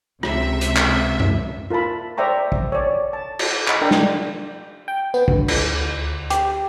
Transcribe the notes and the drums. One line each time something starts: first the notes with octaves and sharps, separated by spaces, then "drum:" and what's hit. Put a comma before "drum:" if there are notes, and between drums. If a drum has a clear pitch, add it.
C#2 C3 E5, drum: rim click
drum: hi-hat
drum: clap
drum: tom F#2
F4 A#4 E5 A5 B5
C5 D5 E5 G5 A#5 C#6
drum: kick
C#5 D5
A5
drum: cymbal
D#5 F#5 A#5 B5 C#6 D6, drum: clap
D4 A#4 G5 A#5
drum: snare
G5
B3, drum: tambourine
D2, drum: kick
drum: cymbal
G4, drum: hi-hat